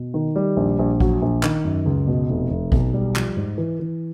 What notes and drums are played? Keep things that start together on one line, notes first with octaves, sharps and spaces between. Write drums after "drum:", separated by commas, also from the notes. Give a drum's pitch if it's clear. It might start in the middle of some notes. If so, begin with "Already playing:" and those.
Already playing: B2
D#3
G3
A#1
A#1
F#3, drum: kick A1
A#1
D#3, drum: clap
F#2
C#2
B2
F1
F1
B1, drum: kick A1
G3
F3, drum: clap
G#2
E3
E3